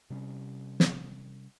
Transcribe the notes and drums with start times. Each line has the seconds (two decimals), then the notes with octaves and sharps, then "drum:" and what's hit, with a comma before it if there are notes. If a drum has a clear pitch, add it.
0.10 C3 G3 C4 C#4
0.80 drum: snare